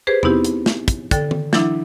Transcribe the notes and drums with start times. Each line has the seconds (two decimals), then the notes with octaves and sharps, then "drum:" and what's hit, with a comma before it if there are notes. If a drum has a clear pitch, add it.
0.07 G4 G#4 B4 C5
0.23 B3 C4 D#4 E4 G4, drum: tom
0.45 drum: hi-hat
0.66 drum: snare
0.88 drum: kick, hi-hat
1.11 D3 A4 G5, drum: kick, hi-hat
1.31 drum: tom D#3
1.53 E3 F#3 D4 E4, drum: snare